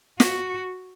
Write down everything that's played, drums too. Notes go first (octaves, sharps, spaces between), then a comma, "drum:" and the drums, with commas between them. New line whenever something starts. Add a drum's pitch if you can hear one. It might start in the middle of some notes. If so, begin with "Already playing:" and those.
F#4, drum: snare